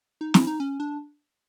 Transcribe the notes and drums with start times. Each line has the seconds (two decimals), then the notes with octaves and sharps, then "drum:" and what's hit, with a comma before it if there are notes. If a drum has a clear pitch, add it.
0.21 D#4
0.34 E4, drum: snare
0.47 D#4
0.60 C#4
0.80 D4